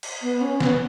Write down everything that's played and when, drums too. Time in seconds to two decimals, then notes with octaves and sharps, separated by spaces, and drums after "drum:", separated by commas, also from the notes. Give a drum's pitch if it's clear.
0.03 drum: cymbal
0.22 B3
0.41 C#4
0.60 B3, drum: snare